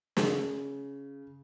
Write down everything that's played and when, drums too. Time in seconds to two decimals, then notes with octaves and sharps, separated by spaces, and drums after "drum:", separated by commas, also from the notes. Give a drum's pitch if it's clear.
0.17 C#3, drum: snare